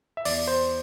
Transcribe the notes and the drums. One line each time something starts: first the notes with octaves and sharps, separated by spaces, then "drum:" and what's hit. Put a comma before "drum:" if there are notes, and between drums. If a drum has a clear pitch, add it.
E5
E2 D5, drum: open hi-hat
C5